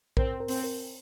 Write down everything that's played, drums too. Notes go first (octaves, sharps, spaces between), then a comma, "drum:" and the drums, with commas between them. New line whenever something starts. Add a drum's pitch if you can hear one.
C4 A#4, drum: kick A#1
A#4
C4, drum: open hi-hat
A#4